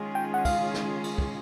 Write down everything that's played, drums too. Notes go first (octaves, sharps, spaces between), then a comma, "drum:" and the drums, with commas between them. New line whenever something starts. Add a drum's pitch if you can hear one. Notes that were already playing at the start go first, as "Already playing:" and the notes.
Already playing: D#3 G#3 C#4 F4 G#4
G5
F#5
F5, drum: kick, cymbal
drum: snare
drum: cymbal
drum: kick